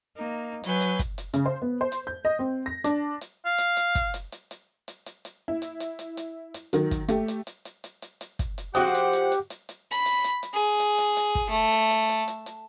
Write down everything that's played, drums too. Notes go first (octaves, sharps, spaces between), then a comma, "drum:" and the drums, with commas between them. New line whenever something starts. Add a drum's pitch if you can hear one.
A#3 D#4
F#3 B4 G#5 G6, drum: hi-hat
drum: hi-hat
drum: kick, hi-hat
drum: hi-hat
C#3, drum: hi-hat
C5
B3
C5
drum: hi-hat
G6
D#5
C4
A#6
D4, drum: hi-hat
drum: hi-hat
F5
drum: hi-hat
drum: hi-hat
drum: kick, hi-hat
drum: hi-hat
drum: hi-hat
drum: hi-hat
drum: hi-hat
drum: hi-hat
drum: hi-hat
E4
drum: hi-hat
drum: hi-hat
drum: hi-hat
drum: hi-hat
drum: hi-hat
D#3 F#3, drum: hi-hat
drum: kick, hi-hat
A3 G4, drum: hi-hat
drum: hi-hat
drum: hi-hat
drum: hi-hat
drum: hi-hat
drum: hi-hat
drum: hi-hat
drum: kick, hi-hat
drum: hi-hat
F3 G#3 C4 F#4 G4 F#5 D#6, drum: hi-hat
drum: hi-hat
drum: hi-hat
drum: hi-hat
drum: hi-hat
drum: hi-hat
B5
drum: hi-hat
drum: hi-hat
drum: hi-hat
G#4
drum: hi-hat
drum: hi-hat
drum: hi-hat
drum: kick
A3
drum: hi-hat
drum: hi-hat
drum: hi-hat
drum: hi-hat
drum: hi-hat